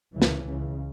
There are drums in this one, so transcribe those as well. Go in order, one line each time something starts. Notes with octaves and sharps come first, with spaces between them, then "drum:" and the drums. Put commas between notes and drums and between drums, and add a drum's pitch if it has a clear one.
C#2 C#3 E3
drum: snare
C#2 C#3